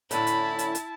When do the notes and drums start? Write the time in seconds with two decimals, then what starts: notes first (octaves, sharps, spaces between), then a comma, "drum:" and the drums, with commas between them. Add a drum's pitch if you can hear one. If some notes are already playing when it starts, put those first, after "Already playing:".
0.11 A2 D3 C#4 E4 A5 B5, drum: hi-hat
0.27 drum: hi-hat
0.59 drum: hi-hat
0.75 drum: hi-hat